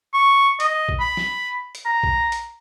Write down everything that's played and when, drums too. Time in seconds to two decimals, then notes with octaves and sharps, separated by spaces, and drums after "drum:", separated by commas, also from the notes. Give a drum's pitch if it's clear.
0.14 C#6
0.60 D#5, drum: hi-hat
0.89 drum: kick A#1
1.00 B5
1.17 drum: snare
1.75 drum: hi-hat
1.86 A#5
2.03 drum: kick A#1
2.32 drum: hi-hat